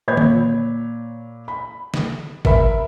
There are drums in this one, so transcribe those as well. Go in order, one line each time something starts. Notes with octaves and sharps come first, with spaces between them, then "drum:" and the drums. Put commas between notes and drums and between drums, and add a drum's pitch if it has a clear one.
A#2 C#5 B5 G#6
drum: tom D3
B5
drum: snare
A#4 E5 B5, drum: kick